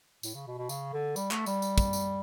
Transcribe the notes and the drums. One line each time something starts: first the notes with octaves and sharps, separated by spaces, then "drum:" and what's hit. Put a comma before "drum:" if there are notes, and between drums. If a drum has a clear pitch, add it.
A2, drum: tambourine
C#3
B2
B2
C#3, drum: tambourine
D3
G3, drum: tambourine
A3, drum: clap
G3, drum: tambourine
drum: tambourine
drum: kick, tambourine
drum: tambourine